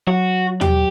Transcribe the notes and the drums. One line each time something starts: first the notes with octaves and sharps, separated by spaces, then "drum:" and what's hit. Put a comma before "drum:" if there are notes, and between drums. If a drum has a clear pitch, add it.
F#3 F#4
G4, drum: tom D#2